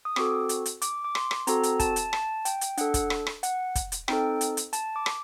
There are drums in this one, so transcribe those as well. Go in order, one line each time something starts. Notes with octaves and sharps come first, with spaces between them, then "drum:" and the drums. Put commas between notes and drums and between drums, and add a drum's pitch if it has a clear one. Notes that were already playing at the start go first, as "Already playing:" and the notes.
D#6
C4 F#4 A4 D6, drum: rim click
drum: hi-hat
drum: hi-hat
D6, drum: hi-hat
D6
C6, drum: rim click
drum: rim click
C4 F#4 A4 A#5, drum: hi-hat
drum: hi-hat
A5, drum: kick, hi-hat
drum: hi-hat
A5, drum: rim click
G5, drum: hi-hat
drum: hi-hat
D4 A4 F#5, drum: hi-hat
drum: kick, hi-hat
drum: rim click
drum: rim click
F#5, drum: hi-hat
drum: kick, hi-hat
drum: hi-hat
C4 D#4 A4 G5, drum: rim click
drum: hi-hat
drum: hi-hat
A5, drum: hi-hat
D6
drum: rim click